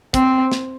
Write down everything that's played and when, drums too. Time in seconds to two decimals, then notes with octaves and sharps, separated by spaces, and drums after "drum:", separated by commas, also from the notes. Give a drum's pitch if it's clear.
0.14 C4, drum: kick, hi-hat
0.52 drum: snare